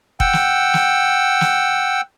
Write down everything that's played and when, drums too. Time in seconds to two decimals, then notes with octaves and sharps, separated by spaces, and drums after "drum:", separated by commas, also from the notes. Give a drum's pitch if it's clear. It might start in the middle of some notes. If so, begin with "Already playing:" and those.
0.20 F#5 G5 E6, drum: kick F1
0.33 drum: snare
0.74 drum: snare
1.41 drum: snare